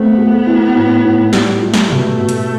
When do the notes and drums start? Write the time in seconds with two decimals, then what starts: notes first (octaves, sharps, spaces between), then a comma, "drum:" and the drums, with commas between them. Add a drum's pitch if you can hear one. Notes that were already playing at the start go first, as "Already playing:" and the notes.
Already playing: A3 B3 C4
0.18 A3
0.47 E4
0.75 A2
1.04 A2
1.33 G3, drum: snare
1.61 A3 F4
1.74 drum: snare
1.90 B2, drum: tom B2
2.19 B2
2.29 drum: hi-hat